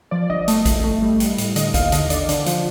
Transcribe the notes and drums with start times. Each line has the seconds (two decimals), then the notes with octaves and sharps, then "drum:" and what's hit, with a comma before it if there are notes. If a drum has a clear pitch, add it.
0.11 F3 D5
0.30 G1 D#5
0.48 A3 D#5, drum: hi-hat
0.65 G1, drum: kick A1, hi-hat
0.84 A3
1.02 G3
1.20 G3, drum: hi-hat
1.38 A2, drum: hi-hat
1.56 D3 D#5, drum: hi-hat
1.74 D#2 F5, drum: kick A1, hi-hat
1.92 D3 D#5, drum: hi-hat
2.10 D3 D5, drum: hi-hat
2.29 D3, drum: hi-hat
2.46 F3, drum: hi-hat